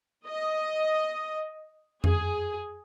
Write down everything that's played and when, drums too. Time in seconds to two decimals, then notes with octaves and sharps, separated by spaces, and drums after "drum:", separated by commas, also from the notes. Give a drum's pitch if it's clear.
0.27 D#5
2.04 G#4, drum: tom F2